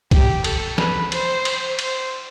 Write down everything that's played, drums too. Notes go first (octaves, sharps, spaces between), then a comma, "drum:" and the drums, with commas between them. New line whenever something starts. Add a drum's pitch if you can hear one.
G4, drum: kick B1, cymbal
A4, drum: cymbal
B4, drum: snare F3
C5, drum: cymbal
drum: cymbal
C5, drum: cymbal